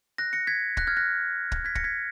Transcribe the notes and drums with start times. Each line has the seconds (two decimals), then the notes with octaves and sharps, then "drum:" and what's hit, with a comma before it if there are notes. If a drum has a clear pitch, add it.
0.18 F#6 A#6
0.33 A#6 C#7
0.47 G#6 B6
0.77 F#6 A#6, drum: kick
0.87 F6 G#6
0.97 F#6 A#6
1.52 drum: kick
1.65 G#6 B6
1.75 A#6 C#7, drum: kick
1.84 G#6 B6